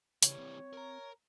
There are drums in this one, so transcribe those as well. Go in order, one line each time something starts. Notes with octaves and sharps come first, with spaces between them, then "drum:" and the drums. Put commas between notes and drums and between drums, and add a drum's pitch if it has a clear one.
C#3 E3 G3 C#5, drum: hi-hat
C4
A#4 A#5